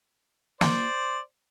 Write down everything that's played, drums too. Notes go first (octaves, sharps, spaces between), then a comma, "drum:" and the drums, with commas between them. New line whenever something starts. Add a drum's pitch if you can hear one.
C5 D5, drum: snare